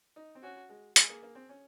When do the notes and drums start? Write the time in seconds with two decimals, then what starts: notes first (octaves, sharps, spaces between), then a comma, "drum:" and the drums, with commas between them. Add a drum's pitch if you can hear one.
0.16 D#4
0.35 C4
0.42 C#4 F#4
0.69 G#3
0.96 G#3 G#4, drum: hi-hat
1.09 A#3
1.23 A#3
1.35 C4
1.49 C#4